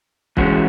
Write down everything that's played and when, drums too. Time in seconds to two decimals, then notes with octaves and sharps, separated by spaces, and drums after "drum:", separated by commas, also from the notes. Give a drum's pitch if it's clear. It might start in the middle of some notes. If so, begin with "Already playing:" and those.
0.37 E3 G#3 C#4 F#4, drum: kick